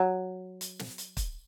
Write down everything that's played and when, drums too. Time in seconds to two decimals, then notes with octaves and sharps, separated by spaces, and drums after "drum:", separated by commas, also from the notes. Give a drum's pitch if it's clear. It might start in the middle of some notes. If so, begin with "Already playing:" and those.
Already playing: F#3
0.61 drum: hi-hat
0.79 drum: snare
0.98 drum: hi-hat
1.17 drum: kick, hi-hat